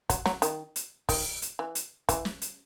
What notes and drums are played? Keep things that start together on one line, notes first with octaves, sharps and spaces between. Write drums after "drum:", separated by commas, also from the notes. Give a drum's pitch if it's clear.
F#3, drum: kick, hi-hat
F#3, drum: snare
D#3, drum: hi-hat
drum: hi-hat
D#3, drum: kick, open hi-hat
drum: hi-hat
E3
drum: hi-hat
E3, drum: kick, hi-hat
drum: snare
drum: hi-hat